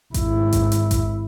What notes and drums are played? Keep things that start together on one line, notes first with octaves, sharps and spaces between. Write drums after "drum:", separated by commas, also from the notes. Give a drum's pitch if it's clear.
G#1 E4, drum: kick A1, hi-hat
drum: kick A1, hi-hat
drum: hi-hat
drum: kick A1, hi-hat